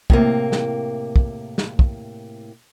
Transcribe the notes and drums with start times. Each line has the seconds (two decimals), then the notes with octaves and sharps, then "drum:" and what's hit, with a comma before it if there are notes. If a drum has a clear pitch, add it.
0.10 A2 C3 A#3, drum: kick
0.52 drum: snare
1.16 drum: kick
1.58 drum: snare
1.79 drum: kick